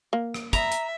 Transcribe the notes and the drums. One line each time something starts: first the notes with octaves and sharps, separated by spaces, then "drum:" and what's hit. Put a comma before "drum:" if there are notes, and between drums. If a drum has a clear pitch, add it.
A#3
drum: rim click
E5 A#5, drum: kick, hi-hat
drum: hi-hat